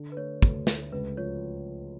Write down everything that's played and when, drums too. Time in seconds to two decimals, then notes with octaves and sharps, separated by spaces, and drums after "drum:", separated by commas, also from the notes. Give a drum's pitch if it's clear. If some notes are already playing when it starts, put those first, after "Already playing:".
Already playing: D3
0.12 B4
0.17 A3 C#5
0.42 D2, drum: kick
0.67 A3, drum: snare
0.92 C#2 B4
1.17 F3 C#5